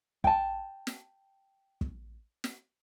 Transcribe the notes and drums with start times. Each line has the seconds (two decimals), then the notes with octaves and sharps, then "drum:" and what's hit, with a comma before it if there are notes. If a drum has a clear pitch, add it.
0.24 G5 A5, drum: kick
0.87 drum: snare
1.81 drum: kick
2.44 drum: snare